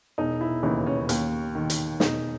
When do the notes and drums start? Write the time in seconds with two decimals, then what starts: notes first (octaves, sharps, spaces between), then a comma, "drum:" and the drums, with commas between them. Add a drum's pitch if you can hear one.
0.18 E1 D#4
0.41 E4
0.63 D#2 C#3 E3 D#4
0.86 C#4
1.09 D#2, drum: hi-hat
1.55 D#3
1.70 drum: hi-hat
2.00 E1 D#4, drum: snare